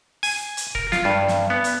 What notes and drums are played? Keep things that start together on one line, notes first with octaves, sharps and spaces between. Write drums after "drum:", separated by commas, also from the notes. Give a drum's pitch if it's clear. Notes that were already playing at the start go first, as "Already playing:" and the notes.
G#5, drum: open hi-hat
drum: hi-hat
A#4, drum: kick
F4, drum: snare
G2
drum: snare
B3
drum: hi-hat